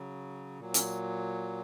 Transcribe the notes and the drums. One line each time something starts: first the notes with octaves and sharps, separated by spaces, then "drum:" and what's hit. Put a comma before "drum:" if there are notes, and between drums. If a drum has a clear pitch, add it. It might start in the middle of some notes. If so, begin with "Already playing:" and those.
Already playing: C#3 F#3
A#2 F#3
C#4, drum: hi-hat